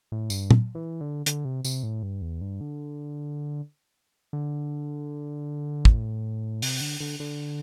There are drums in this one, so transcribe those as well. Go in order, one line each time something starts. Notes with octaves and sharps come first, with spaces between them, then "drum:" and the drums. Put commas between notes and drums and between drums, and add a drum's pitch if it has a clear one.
A2
G2, drum: tambourine
drum: tom
E3
D3
D3, drum: hi-hat
C3
C3, drum: tambourine
A2
G2
E2
G2
D3
D3
A2, drum: kick
C3, drum: open hi-hat
D3
D3
D3